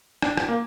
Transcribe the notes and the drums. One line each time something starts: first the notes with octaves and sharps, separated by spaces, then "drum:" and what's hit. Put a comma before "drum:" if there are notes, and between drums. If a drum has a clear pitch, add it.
D4, drum: rim click
drum: rim click
A#3